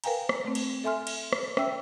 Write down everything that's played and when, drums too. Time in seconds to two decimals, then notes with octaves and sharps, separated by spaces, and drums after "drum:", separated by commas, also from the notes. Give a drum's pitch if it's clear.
0.04 A#4 B4 F5 G5 G#5 A#5, drum: cymbal
0.29 drum: rim click
0.45 A3 C4
0.55 drum: cymbal
0.84 A4 E5 G#5 C6 F6
1.07 drum: cymbal
1.33 drum: rim click
1.57 C#4 E5 G5 E6, drum: rim click